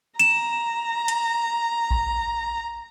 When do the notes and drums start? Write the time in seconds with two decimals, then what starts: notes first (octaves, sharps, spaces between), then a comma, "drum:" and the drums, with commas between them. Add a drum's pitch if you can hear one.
0.19 A#5 E7, drum: hi-hat
1.08 drum: hi-hat
1.91 drum: kick A#1